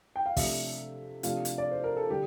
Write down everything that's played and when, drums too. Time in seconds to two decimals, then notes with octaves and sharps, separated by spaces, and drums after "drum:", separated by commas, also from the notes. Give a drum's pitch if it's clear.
0.16 G5
0.26 F5
0.37 C3 F3 A3 D4 E5, drum: kick, open hi-hat
1.23 C3 F3 A3 D4 F4, drum: hi-hat
1.45 drum: hi-hat
1.58 D5
1.71 C5
1.84 A#4
1.97 A4
2.09 D3 G3 G4